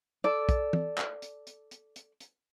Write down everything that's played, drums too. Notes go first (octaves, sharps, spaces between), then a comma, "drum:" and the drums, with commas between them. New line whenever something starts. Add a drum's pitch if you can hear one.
A4 D5
drum: kick, hi-hat
drum: tom
drum: clap
drum: hi-hat
drum: hi-hat
drum: hi-hat
drum: hi-hat
drum: hi-hat